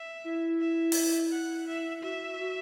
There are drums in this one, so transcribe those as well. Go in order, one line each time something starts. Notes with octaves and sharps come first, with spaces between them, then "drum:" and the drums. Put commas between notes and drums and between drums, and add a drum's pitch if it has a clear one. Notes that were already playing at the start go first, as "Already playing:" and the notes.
Already playing: E5
E4
E5
drum: open hi-hat
F#5
E5
F#4 E5
F#4